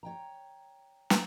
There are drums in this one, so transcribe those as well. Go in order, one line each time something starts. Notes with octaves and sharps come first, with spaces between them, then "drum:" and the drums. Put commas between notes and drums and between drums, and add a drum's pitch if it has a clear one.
C#5 G5 A#5
drum: snare